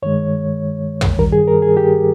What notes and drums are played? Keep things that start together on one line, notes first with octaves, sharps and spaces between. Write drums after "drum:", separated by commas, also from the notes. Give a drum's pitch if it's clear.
G2 D#3 G#3 C#5
drum: tom
G2 D#3 G3 A#4
G#4
A#4
G#4
G4